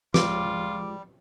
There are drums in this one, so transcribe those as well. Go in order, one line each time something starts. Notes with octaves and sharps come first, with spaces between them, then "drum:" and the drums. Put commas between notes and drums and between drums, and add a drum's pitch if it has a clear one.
F3 G3 G#3 F4 D6, drum: snare